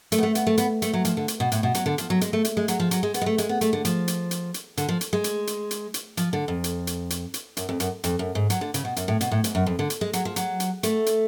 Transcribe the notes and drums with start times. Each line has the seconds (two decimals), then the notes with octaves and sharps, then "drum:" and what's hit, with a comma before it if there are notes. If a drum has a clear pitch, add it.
0.12 A3, drum: hi-hat
0.18 B3
0.23 A3
0.35 B3, drum: hi-hat
0.47 A3
0.58 B3, drum: hi-hat
0.82 A3, drum: hi-hat
0.94 F#3
1.05 F3, drum: hi-hat
1.17 D3
1.28 drum: hi-hat
1.40 B2
1.52 A2, drum: hi-hat
1.63 B2
1.75 F#3, drum: hi-hat
1.86 D3
1.98 F3, drum: hi-hat
2.10 F#3
2.21 G#3, drum: hi-hat
2.33 A3
2.45 drum: hi-hat
2.57 G#3
2.68 F#3, drum: hi-hat
2.80 F3
2.91 F#3, drum: hi-hat
3.03 G#3
3.14 B3, drum: hi-hat
3.21 G#3
3.26 A3
3.38 G#3, drum: hi-hat
3.49 B3
3.61 A3, drum: hi-hat
3.73 D3
3.85 F3, drum: hi-hat
4.08 drum: hi-hat
4.31 drum: hi-hat
4.54 drum: hi-hat
4.77 D3, drum: hi-hat
4.89 F3
5.01 drum: hi-hat
5.13 G#3
5.24 drum: hi-hat
5.47 drum: hi-hat
5.71 drum: hi-hat
5.94 drum: hi-hat
6.17 F3, drum: hi-hat
6.33 D3
6.48 F2
6.64 drum: hi-hat
6.87 drum: hi-hat
7.10 drum: hi-hat
7.34 drum: hi-hat
7.57 F#2, drum: hi-hat
7.69 F2
7.80 F#2, drum: hi-hat
8.04 F2, drum: hi-hat
8.19 F#2
8.35 G#2
8.50 F#3, drum: hi-hat
8.61 D3
8.74 C#3, drum: hi-hat
8.85 B2
8.96 F#2, drum: hi-hat
9.08 A2
9.21 B2, drum: hi-hat
9.31 A2
9.44 G#2, drum: hi-hat
9.55 F#2
9.66 F2
9.79 D3
9.90 drum: hi-hat
10.01 G#3
10.13 F#3, drum: hi-hat
10.25 F3
10.36 F#3, drum: hi-hat
10.60 drum: hi-hat
10.83 A3, drum: hi-hat
11.06 drum: hi-hat